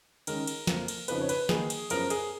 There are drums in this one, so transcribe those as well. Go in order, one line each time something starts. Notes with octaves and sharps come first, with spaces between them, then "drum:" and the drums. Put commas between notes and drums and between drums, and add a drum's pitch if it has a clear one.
D#3 G#3 C#4 A#4, drum: cymbal
drum: cymbal
F2 F3 A#3, drum: snare
drum: cymbal
F2 C#3 F3 B3 D#4 B4, drum: cymbal
C#5
B4, drum: cymbal
D#3 A#3 D#4 G#4, drum: snare
drum: cymbal
F#2 F3 B3 A#4, drum: cymbal
G#4, drum: cymbal